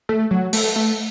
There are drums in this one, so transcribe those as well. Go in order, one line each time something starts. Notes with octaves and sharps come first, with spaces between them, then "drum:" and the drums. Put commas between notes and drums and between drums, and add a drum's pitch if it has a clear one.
A3
F#3
A3, drum: open hi-hat
A3